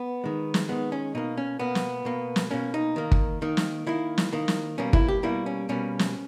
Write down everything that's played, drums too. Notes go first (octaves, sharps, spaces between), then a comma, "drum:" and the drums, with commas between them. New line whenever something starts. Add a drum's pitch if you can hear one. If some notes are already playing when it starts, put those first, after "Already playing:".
Already playing: B3
D#3 G#3
drum: snare
D#3 G#3 B3
C#4
B2 A#3 D#4
C#4
B2 A#3 B3
drum: snare
B2 A#3
drum: snare
B2 A#3 C#4
D#4
D#3 A#3
drum: kick
D#3 A#3
drum: snare
D#3 A#3 E4
drum: snare
D#3 A#3
drum: snare
B2 G3 A#3 C#4
E4, drum: kick
G4
B2 G3 A#3 E4
C#4
B2 G3 A#3 C#4
drum: snare